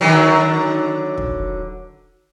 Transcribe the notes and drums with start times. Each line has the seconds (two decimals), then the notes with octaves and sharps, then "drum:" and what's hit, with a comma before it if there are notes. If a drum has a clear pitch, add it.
0.01 D3 D#3 F#3
1.18 drum: kick